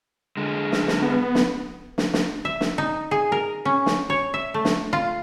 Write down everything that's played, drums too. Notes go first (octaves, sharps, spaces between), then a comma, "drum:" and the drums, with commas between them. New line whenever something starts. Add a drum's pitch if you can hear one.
D3 G#3
drum: snare
drum: snare
B3
drum: snare
drum: snare
drum: snare
E5
drum: snare
D#4
G#4
A#4
C#4
drum: snare
C#5
E5
A3
drum: snare
F4